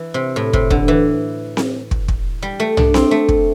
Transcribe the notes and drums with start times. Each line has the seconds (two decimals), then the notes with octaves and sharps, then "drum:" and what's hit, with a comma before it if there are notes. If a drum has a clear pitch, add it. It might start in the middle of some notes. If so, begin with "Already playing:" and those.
Already playing: E3
0.14 C3
0.36 A2
0.53 C3, drum: kick
0.70 D3, drum: kick
0.88 E3
1.57 drum: snare C4
1.91 drum: kick
2.08 drum: kick
2.42 G3
2.60 A3
2.77 D4, drum: tom
2.94 C4, drum: snare C4
3.11 A3
3.29 drum: kick